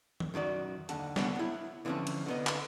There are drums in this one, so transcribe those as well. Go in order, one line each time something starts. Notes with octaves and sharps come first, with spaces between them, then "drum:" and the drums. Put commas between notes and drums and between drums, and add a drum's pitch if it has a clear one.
drum: tom D#3
F#2 D#3 F#4 D5
D#2 D3 F#5 A5, drum: hi-hat
C2 D3 B3 C#5 F#5, drum: snare
B3 E4
D3 E3 F3 A3 C4 C#4
drum: cymbal
D3 B3 D#5
drum: clap